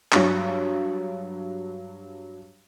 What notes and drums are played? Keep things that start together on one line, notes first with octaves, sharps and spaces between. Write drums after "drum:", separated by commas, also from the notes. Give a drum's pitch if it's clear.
G2 F#3, drum: clap